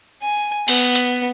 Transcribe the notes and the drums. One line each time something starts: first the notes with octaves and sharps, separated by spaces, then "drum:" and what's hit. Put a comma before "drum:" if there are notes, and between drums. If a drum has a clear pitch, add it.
G#5
B3, drum: open hi-hat
drum: hi-hat